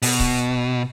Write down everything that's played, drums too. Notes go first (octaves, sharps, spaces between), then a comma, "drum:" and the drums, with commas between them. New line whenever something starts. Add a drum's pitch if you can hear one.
B2, drum: open hi-hat
drum: kick C#1